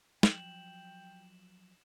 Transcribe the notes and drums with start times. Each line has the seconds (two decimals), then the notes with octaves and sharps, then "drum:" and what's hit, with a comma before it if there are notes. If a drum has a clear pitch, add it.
0.23 F3 F#3 G5 E7 F#7, drum: snare